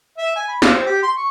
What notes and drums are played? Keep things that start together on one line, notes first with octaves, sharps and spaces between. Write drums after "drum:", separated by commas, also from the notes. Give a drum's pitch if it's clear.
E5
G#5
B5
F5, drum: snare
C4
G4
C6
C#6